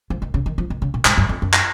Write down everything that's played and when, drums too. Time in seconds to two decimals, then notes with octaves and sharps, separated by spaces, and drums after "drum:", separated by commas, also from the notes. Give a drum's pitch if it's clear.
0.10 F3
0.22 D#3
0.34 C#3
0.46 D#3
0.58 F3
0.70 D#3
0.82 C#3
0.94 A#2
1.05 G#2, drum: clap
1.17 F#2
1.29 F2
1.42 F#2
1.53 drum: clap